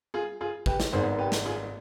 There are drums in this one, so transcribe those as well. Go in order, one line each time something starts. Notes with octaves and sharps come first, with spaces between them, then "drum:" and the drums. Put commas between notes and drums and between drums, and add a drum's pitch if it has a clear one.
F4 G#4
F4 G#4
G4 B4, drum: kick
drum: snare
G#1 G#2 D#3 B3 G#4 C5
G4 B4
drum: snare
F4 G#4